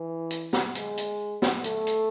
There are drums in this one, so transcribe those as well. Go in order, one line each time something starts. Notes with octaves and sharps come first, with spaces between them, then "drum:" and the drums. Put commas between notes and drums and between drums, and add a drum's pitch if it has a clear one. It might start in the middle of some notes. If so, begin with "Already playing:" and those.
Already playing: E3
drum: hi-hat
drum: snare
G#3, drum: hi-hat
drum: hi-hat
drum: snare
A3, drum: hi-hat
drum: hi-hat